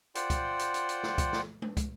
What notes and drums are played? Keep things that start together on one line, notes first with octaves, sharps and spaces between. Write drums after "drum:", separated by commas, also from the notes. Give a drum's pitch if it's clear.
F4 C5 D5 F#5 G5, drum: hi-hat
drum: kick, hi-hat
drum: hi-hat
drum: hi-hat
drum: hi-hat
drum: snare
drum: kick, hi-hat
drum: snare
drum: tom G#3
drum: kick, hi-hat